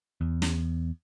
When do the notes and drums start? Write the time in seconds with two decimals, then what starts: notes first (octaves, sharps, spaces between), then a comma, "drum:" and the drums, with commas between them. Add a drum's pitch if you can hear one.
0.21 E2
0.42 drum: snare